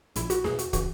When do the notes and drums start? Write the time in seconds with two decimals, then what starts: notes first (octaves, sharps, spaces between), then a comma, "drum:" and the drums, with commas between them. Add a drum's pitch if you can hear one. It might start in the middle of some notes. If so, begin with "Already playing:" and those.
0.16 A#1 A#2 E4, drum: hi-hat
0.30 F#4, drum: hi-hat
0.44 E2 B2 G#4, drum: snare
0.59 F#4, drum: hi-hat
0.73 C#3 E3 F#4, drum: kick, hi-hat